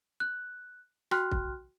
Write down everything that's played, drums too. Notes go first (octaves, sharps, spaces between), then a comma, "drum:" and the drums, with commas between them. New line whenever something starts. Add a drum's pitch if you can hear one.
F#6
F#4 G5 C6 F6 F#6, drum: rim click
drum: kick